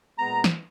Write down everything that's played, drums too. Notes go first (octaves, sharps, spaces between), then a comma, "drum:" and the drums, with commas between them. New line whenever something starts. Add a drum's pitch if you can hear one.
A#2 G#3 B3 A#5
drum: snare